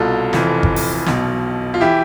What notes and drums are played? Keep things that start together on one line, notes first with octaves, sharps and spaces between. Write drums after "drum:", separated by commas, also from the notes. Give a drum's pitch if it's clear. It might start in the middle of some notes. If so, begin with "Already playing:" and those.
Already playing: C2 B2 F4 A4
F1 F2 E3, drum: snare
drum: kick G1
drum: open hi-hat
B1 B2, drum: snare
F4
E3 E4 G4